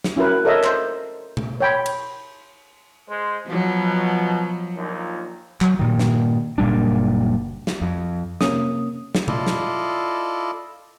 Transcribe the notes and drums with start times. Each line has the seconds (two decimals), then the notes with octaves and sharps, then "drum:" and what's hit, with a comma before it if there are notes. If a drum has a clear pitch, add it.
0.04 drum: snare
0.16 C#4 E4 F#4 A#4 B4
0.45 A4 A#4 C#5 D#5 E5
0.64 C5, drum: clap
1.37 drum: tom B2
1.61 C#5 G5 B5
1.86 drum: cymbal
3.08 G#3 C5
3.47 B2 F3 F#3
4.76 A#1 D#2 A#2
5.61 F#3, drum: clap
5.79 G2 A#2 D#3
5.99 drum: snare
6.58 F#1 A#2 G3 D4
7.67 drum: snare
7.81 F2
8.41 C3 A#3 C#4 D#6, drum: snare
9.15 drum: snare
9.28 E4 F4 A4 D5 D#5, drum: tom B2
9.47 drum: snare